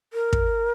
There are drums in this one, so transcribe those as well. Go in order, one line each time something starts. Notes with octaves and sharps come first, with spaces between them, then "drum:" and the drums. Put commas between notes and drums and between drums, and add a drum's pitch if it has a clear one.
A#4
drum: kick